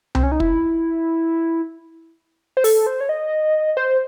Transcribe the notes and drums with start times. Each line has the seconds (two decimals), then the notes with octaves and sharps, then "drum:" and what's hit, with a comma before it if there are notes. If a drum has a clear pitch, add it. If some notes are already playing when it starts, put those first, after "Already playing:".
0.15 C4, drum: tom C2
0.23 C#4
0.32 D#4
0.40 E4, drum: kick
2.57 C5
2.64 A4, drum: open hi-hat
2.86 C5
3.01 C#5
3.09 D#5
3.77 C5